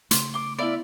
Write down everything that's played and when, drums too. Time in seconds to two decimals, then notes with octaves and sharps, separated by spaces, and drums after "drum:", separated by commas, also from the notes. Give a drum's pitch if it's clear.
0.11 C#3 A3 C6, drum: hi-hat
0.34 C6 D6
0.59 B3 E4 D5 E5 F5